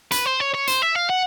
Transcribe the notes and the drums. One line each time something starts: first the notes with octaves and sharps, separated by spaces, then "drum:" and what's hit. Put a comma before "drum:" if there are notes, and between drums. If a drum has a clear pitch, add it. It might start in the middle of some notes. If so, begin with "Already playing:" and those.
B4, drum: hi-hat
C5
C#5
C#5
C5, drum: hi-hat
E5
F5
F#5